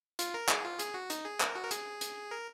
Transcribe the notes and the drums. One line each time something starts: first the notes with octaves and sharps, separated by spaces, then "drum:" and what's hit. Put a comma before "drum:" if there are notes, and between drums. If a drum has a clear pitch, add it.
F4, drum: hi-hat
A#4
G#4, drum: clap
F4
G#4, drum: hi-hat
F#4
D#4, drum: hi-hat
G#4
A#4, drum: clap
F#4
A#4
G#4, drum: hi-hat
drum: hi-hat
A#4